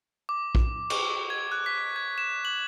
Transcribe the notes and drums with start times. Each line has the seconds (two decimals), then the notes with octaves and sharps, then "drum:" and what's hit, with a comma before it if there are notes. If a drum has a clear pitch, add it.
0.29 D6
0.55 drum: kick
0.90 C#6, drum: cymbal
1.30 G#6
1.52 F#6
1.66 B6
1.96 G#6
2.18 E7
2.45 F#7